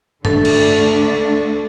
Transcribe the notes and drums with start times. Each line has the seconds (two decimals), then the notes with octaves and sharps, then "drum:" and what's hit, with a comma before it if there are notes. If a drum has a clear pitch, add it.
0.25 D2 D3 A3 D4 A4, drum: tom G2
0.45 drum: cymbal